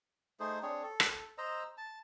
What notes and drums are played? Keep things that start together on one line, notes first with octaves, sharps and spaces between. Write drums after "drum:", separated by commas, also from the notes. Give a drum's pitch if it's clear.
A3 D#4 G#4 C5
C4 D4 G#4 C#5
A4
drum: rim click
C5 D#5 A#5 E6
A5